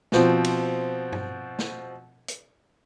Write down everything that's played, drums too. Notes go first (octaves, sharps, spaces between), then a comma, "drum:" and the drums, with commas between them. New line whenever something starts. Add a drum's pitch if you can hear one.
B2 F3 C4, drum: snare
drum: cymbal
drum: tom G2
drum: snare
drum: hi-hat